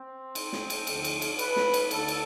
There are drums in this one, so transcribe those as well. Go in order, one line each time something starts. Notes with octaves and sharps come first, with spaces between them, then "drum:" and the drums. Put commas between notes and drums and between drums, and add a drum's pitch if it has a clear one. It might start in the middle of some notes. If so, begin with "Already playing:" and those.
Already playing: C4
drum: cymbal
drum: snare
drum: cymbal
D2 D3 F3 A3, drum: cymbal
drum: cymbal
drum: cymbal
B4, drum: cymbal
drum: snare
drum: cymbal
D2 D3 A3 A4, drum: cymbal
drum: cymbal